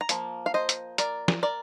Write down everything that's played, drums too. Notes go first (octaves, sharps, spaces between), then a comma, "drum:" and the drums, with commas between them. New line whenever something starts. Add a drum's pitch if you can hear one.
A#5
F3 A#3, drum: hi-hat
F5
C5 D#5
drum: hi-hat
A#4 D5, drum: hi-hat
drum: snare
A#4 D5